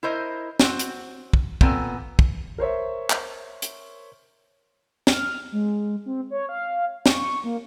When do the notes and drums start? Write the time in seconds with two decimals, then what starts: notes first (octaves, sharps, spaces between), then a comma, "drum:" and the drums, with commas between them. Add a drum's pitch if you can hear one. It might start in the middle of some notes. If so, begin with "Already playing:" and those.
0.03 E4 A#4 C5 D#5
0.60 C4 F#4, drum: snare
0.79 drum: hi-hat
1.33 drum: kick
1.61 A#2 B3 C4 A4 G#5, drum: kick
2.19 drum: kick
2.58 A#4 C5 C#5 E5
3.10 drum: clap
3.62 drum: hi-hat
5.07 F6, drum: snare
5.52 G#3
6.06 C4
6.31 C#5
6.49 F5
7.06 C#6, drum: snare
7.44 A#3